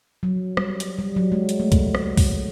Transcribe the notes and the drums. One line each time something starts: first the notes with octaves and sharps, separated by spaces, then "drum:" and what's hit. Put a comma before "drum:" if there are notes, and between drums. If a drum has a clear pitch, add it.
F#3
G3, drum: rim click
drum: hi-hat
G3
F#3
G#3
drum: hi-hat
A3
drum: kick, hi-hat
drum: rim click
drum: kick, open hi-hat